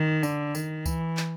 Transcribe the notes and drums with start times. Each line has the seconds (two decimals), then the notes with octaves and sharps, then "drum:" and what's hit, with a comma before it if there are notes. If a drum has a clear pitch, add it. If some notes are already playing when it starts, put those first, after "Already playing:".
Already playing: D#3
0.23 D3, drum: tambourine
0.55 D#3, drum: tambourine
0.86 E3, drum: kick C#2, tambourine
1.17 drum: clap